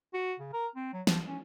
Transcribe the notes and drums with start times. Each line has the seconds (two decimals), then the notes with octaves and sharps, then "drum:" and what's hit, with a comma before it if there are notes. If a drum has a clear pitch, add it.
0.14 F#4
0.40 C#3
0.53 A#4
0.76 C4
0.93 F#3
1.07 F3, drum: snare
1.27 C#4